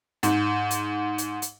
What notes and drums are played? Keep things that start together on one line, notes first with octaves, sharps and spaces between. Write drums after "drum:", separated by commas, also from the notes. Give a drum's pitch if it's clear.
G#2, drum: hi-hat
drum: hi-hat
drum: hi-hat
drum: hi-hat